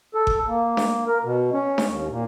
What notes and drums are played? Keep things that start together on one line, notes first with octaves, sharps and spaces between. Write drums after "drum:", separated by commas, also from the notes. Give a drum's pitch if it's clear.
A4
drum: kick G1
A#3
drum: snare D4
A#4
B2
C#4
drum: snare D4
D#2
A#2